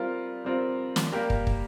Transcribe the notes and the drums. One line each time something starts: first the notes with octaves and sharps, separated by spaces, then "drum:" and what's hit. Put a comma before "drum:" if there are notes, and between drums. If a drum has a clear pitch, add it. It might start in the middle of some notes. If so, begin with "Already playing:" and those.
Already playing: G3 C4 F4 A#4
G3 C4 F4 A#4
drum: snare
G3 A#3 G4 A#4
drum: kick
drum: kick